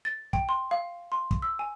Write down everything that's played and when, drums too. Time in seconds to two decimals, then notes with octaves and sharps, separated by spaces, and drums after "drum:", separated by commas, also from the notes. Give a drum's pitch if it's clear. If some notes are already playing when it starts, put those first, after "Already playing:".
0.05 A6
0.33 G5, drum: kick
0.49 C6
0.71 F5
1.12 C6
1.31 drum: kick
1.42 E6
1.59 G#5